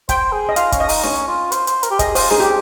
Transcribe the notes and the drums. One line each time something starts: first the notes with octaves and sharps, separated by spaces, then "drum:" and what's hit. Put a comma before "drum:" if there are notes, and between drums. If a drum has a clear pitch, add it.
C5 G5, drum: kick, hi-hat
G#4
D#5
F4 F5, drum: hi-hat
C#4, drum: kick, hi-hat
D#5
D#4, drum: open hi-hat
C#4, drum: snare D4
F4
C5, drum: hi-hat
C5, drum: hi-hat
A#4, drum: hi-hat
G4
G#4 D#5, drum: kick, hi-hat
F4 C5, drum: open hi-hat
D#4 G#4, drum: snare D4
G4